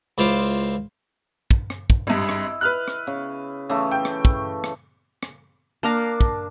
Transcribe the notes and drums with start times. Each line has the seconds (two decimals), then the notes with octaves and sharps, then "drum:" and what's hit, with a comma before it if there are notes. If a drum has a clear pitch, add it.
0.18 C#2 E4 F4 C5 F5 D6
1.51 drum: kick
1.70 drum: rim click
1.90 drum: kick
2.07 G#1 G2 E4 D#5
2.29 drum: rim click
2.61 B4 F6 F#6
2.88 drum: rim click
3.07 C#3
3.69 C#3 E3 A3
3.91 G5
4.05 drum: rim click
4.25 drum: kick
4.64 drum: rim click
5.23 drum: rim click
5.83 A#3 D4 F5 A5 A#5
6.20 drum: kick